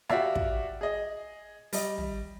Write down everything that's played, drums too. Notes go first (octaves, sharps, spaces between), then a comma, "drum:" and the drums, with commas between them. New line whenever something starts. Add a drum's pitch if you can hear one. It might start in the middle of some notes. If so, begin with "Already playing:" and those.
F#4 G4 D5 E5 F5, drum: rim click
drum: kick
G#4 D#5
G3 D#5, drum: open hi-hat
drum: tom